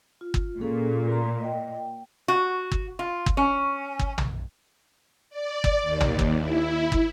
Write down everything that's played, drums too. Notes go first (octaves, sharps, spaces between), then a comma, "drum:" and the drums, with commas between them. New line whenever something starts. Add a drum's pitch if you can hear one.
F4
drum: kick
A#2 C#4 G#4 A4
A#5 C6
D#5 G5
G5
F#4
drum: kick
F4
drum: kick
C#4
drum: kick
drum: tom
D5
drum: kick
D#2
drum: tom
drum: kick
E4
drum: kick